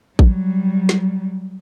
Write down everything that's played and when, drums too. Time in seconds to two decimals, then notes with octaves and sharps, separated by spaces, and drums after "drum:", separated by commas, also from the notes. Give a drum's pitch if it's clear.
0.19 F#3 G3, drum: kick A1
0.89 drum: snare